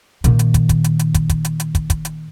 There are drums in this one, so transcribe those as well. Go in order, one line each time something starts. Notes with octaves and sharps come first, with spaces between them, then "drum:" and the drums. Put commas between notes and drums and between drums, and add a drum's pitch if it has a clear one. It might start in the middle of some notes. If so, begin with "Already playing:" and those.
A#2 D#3, drum: hi-hat
drum: hi-hat
drum: kick, hi-hat
drum: kick, hi-hat
drum: hi-hat
drum: hi-hat
drum: kick, hi-hat
drum: kick, hi-hat
drum: hi-hat
drum: hi-hat
drum: kick, hi-hat
drum: kick, hi-hat
drum: hi-hat